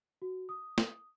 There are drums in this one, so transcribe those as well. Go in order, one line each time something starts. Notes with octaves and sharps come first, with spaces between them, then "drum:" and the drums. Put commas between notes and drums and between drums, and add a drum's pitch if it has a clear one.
F#4
D#6
drum: snare